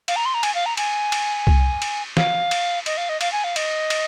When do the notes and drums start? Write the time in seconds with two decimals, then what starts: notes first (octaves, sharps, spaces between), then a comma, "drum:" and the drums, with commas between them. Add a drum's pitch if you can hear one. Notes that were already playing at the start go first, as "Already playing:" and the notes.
0.08 F5, drum: cymbal
0.16 A#5
0.25 C6
0.34 A#5
0.43 G#5, drum: cymbal
0.55 F5
0.66 A#5
0.77 G#5, drum: cymbal
1.12 drum: cymbal
1.47 drum: kick C2
1.82 drum: cymbal
2.17 F5, drum: snare
2.51 drum: cymbal
2.86 D#5, drum: cymbal
2.97 F5
3.09 D#5
3.21 F5, drum: cymbal
3.32 G#5
3.44 F5
3.56 D#5, drum: cymbal
3.90 drum: cymbal